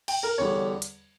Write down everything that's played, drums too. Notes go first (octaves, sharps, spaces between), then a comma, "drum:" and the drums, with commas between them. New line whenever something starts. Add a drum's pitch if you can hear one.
G5, drum: cymbal
A#4
E2 D3 G3 C#5
drum: hi-hat